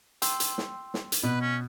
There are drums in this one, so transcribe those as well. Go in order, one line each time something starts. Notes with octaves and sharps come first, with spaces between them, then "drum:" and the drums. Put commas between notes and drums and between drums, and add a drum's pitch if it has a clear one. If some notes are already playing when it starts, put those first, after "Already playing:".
G5 C6 E6, drum: hi-hat
drum: hi-hat
drum: snare
drum: snare
drum: hi-hat
B2 B4
C#4